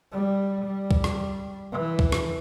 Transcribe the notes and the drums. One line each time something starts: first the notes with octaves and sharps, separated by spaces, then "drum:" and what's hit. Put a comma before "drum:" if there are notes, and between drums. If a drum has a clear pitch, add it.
G3
G3
drum: kick C2
drum: rim click
E3
drum: kick C2
drum: rim click